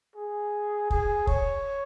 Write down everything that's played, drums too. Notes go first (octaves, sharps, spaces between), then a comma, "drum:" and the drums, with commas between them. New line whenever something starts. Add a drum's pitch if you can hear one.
G#4
G#4, drum: kick
C#5, drum: kick